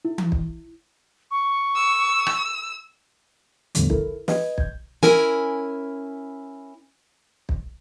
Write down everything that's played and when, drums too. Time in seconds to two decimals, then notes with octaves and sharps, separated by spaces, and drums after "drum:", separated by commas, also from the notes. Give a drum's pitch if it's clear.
0.05 E4
0.18 drum: tom E3
0.32 drum: kick
1.31 C#6
1.75 E6
2.26 drum: rim click
3.75 E2 A2 D3 F3 G3, drum: hi-hat
3.90 E4 A4 A#4, drum: kick
4.28 B4 D#5 G5 G#6, drum: snare
4.58 G6 G#6, drum: kick
5.03 C#4 E4 A#4 G#5, drum: snare
7.49 drum: kick